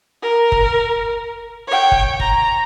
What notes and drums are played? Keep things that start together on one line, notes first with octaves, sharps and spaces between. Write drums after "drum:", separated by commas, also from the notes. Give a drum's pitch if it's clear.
A#4
drum: kick
C#5 G5
drum: kick
A#5, drum: kick